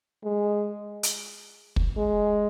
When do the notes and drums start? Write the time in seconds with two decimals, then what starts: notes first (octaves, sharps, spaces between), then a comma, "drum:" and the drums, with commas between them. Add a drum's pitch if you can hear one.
0.24 G#3
1.03 drum: hi-hat
1.76 drum: kick
1.97 G#3